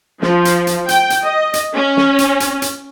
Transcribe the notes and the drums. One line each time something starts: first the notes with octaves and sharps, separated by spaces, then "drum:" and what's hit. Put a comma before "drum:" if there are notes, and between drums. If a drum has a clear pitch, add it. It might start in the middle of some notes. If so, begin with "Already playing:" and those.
F3, drum: snare
drum: hi-hat
drum: hi-hat
G5, drum: hi-hat
drum: hi-hat
D#5
drum: hi-hat
C#4
drum: snare
drum: hi-hat
drum: hi-hat
drum: hi-hat